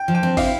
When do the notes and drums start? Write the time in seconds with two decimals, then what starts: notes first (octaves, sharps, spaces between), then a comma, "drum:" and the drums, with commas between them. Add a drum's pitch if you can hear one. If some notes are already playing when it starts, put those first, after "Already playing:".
Already playing: G5
0.08 F3
0.15 G5
0.23 C4
0.37 E4 F5, drum: kick, open hi-hat